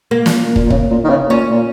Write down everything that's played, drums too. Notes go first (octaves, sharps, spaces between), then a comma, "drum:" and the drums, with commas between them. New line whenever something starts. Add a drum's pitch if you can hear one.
A#3
A#2, drum: snare
A#2
A#2, drum: kick
A#2
C#3, drum: kick
A#2
D#3
C#3
A#2 C#4
A#2